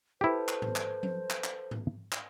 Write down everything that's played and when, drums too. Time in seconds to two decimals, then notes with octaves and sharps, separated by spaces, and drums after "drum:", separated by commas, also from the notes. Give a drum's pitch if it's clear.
0.21 E4 G4 A4 B4 C5 A5
0.48 drum: clap
0.62 drum: tom G#2
0.76 drum: clap
1.03 drum: tom F3
1.30 drum: clap
1.44 drum: clap
1.71 drum: tom G#2
2.12 drum: clap